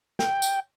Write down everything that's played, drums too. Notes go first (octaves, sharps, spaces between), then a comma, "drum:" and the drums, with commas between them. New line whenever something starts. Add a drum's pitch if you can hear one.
G5, drum: snare
drum: tambourine